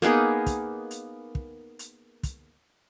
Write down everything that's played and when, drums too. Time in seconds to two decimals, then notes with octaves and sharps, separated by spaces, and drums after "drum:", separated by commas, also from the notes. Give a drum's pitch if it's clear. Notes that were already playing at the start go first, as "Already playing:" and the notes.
0.02 A#3 B3 D#4 G#4
0.46 drum: kick, hi-hat
0.91 drum: hi-hat
1.35 drum: kick
1.79 drum: hi-hat
2.23 drum: kick, hi-hat